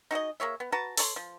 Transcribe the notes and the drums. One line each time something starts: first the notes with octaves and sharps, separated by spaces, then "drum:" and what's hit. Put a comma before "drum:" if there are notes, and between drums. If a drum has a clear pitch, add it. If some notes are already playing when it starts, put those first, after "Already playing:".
D#4 F#4 G#4 D#5
A#3 G#4 C#5 E5
B3
F#4 B4 A5 A#5
A4 C#5 A5 C6, drum: open hi-hat
F3